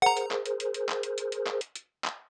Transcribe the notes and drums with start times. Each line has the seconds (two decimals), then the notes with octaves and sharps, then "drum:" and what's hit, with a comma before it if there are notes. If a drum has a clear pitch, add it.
0.02 G#4 A#4 C5 F#5 A#5
0.17 drum: hi-hat
0.31 drum: clap
0.46 drum: hi-hat
0.60 drum: hi-hat
0.74 drum: hi-hat
0.89 drum: clap
1.03 drum: hi-hat
1.18 drum: hi-hat
1.32 drum: hi-hat
1.47 drum: clap
1.61 drum: hi-hat
1.75 drum: hi-hat
2.04 drum: clap